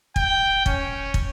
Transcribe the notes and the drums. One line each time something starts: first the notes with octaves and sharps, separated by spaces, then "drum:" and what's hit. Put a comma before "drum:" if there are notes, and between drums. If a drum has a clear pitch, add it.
G5, drum: kick
C#4, drum: kick
drum: kick